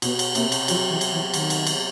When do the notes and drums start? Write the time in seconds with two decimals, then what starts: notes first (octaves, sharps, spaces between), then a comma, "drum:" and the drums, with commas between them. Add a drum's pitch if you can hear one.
0.02 B2 B3, drum: cymbal
0.19 drum: cymbal
0.35 C3 A#3, drum: cymbal
0.52 drum: cymbal
0.68 F3 F#3, drum: cymbal
0.90 E3
1.01 drum: cymbal
1.12 E3
1.34 D#3, drum: cymbal
1.50 drum: cymbal
1.67 drum: cymbal